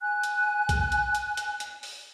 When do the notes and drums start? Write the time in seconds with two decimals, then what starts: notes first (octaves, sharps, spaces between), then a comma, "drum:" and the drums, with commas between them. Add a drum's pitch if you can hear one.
0.01 G#5 F#6
0.23 drum: hi-hat
0.69 drum: kick, hi-hat
0.92 drum: hi-hat
1.15 drum: hi-hat
1.37 drum: hi-hat
1.60 drum: hi-hat
1.83 drum: open hi-hat